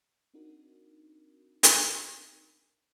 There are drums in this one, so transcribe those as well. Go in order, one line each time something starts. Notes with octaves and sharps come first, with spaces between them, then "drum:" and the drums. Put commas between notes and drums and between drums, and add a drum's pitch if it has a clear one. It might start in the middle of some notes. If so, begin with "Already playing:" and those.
C4 D4 D#4 F#4 A#4
drum: hi-hat